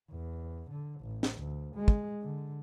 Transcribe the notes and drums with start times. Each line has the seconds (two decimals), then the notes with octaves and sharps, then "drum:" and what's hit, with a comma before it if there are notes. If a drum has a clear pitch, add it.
0.11 E2
0.71 D3
1.01 A1
1.23 drum: snare
1.37 D2
1.76 G#3
1.88 drum: kick
2.21 D3